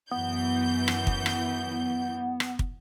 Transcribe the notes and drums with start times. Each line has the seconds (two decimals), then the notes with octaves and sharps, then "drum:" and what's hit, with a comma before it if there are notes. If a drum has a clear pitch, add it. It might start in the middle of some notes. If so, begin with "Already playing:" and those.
0.11 F#2 E3 B3 G6
0.88 drum: rim click
1.07 drum: kick
1.26 drum: rim click
2.40 drum: rim click
2.59 drum: kick